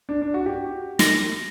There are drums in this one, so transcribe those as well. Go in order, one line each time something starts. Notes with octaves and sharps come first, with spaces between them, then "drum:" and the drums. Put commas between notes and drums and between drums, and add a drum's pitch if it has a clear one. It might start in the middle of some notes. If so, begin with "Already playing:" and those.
D4
D4
F#4
G4
A#6, drum: snare